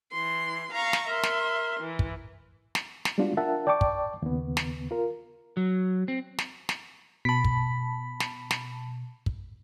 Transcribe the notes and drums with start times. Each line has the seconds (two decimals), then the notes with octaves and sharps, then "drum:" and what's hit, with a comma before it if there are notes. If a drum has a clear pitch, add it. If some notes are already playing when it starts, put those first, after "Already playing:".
0.12 E3 C6
0.72 F5 A#5 C#6
0.93 drum: snare
1.08 A#4 E5 C6
1.23 drum: snare
1.82 E3
1.99 drum: kick
2.75 drum: snare
3.05 drum: snare
3.18 G3 G#3 B3 D4 F4 F#4
3.37 D4 F4 A#4 E5 F#5 A5
3.67 D5 G5 A5 C#6 D6
3.81 drum: kick
4.22 D#2 C#3 B3
4.57 drum: snare
4.91 F4 A#4
5.57 F#3
6.08 C4
6.38 drum: snare
6.69 drum: snare
7.25 B2 A5 B5 B6
7.45 drum: kick
8.20 drum: snare
8.51 drum: snare
9.26 drum: kick